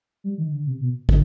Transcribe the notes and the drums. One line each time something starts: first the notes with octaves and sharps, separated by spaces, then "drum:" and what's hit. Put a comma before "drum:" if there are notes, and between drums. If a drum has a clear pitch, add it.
G3
D#3
D3
C3
B2
D3, drum: kick